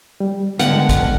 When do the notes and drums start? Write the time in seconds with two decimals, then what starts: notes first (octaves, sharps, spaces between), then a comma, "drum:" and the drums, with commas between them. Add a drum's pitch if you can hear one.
0.20 G3
0.59 D3 G#3 B3 F#5 G5 F6, drum: hi-hat
0.89 drum: kick A1, hi-hat